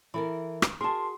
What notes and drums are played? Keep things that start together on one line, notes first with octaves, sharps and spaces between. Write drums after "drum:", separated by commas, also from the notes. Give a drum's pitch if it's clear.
E3 A4 A#4 B5
drum: rim click
F#4 G#4 A#4 A5 C6